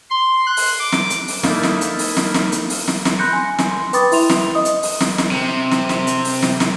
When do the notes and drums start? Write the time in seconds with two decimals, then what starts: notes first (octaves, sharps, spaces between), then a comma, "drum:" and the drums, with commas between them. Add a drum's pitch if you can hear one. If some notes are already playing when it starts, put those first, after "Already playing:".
0.10 C6
0.46 F#6
0.57 drum: open hi-hat
0.79 D6
0.92 drum: snare
1.10 drum: hi-hat
1.28 drum: open hi-hat
1.43 A#3 D#4 E4 A4 D5, drum: snare
1.63 drum: snare
1.81 drum: hi-hat
1.99 drum: open hi-hat
2.17 drum: snare
2.34 drum: snare
2.52 drum: hi-hat
2.70 drum: open hi-hat
2.87 drum: snare
3.05 drum: snare
3.19 B5 C6 F#6 G6 A#6 C#7
3.33 G#5 C6
3.58 drum: snare
3.70 C6
3.93 B4 G5 B5 D6 D#6 A6, drum: hi-hat
4.12 E4 E5 C6 F7, drum: open hi-hat
4.29 drum: snare
4.55 D#5 D#6
4.65 drum: hi-hat
4.83 drum: open hi-hat
5.00 drum: snare
5.18 drum: snare
5.31 C3
5.71 drum: snare
5.89 drum: snare
6.07 drum: hi-hat
6.25 drum: open hi-hat
6.42 drum: snare
6.60 drum: snare